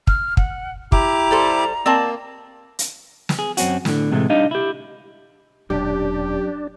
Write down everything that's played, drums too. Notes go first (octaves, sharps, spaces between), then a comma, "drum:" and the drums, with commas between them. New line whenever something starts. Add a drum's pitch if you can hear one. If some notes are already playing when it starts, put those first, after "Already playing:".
F6, drum: kick
F#5, drum: kick
E4 G4 A#5 D6, drum: kick
G3 A4 C5
A#3 C4 D5 A5
drum: hi-hat
drum: snare
G#4
F#2 C4 C#4 F#4, drum: hi-hat
A2 D3, drum: snare
A2 C3 E3 G#3 A3
G3 D4 D#4 D#5 F5
E4 G4
E1 F#2 A#2 D4 G4